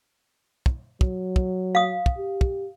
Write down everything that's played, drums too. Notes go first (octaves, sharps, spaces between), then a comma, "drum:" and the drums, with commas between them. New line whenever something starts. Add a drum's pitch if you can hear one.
drum: kick
F#3, drum: kick
drum: kick
F5 D#6
drum: kick
G4
drum: kick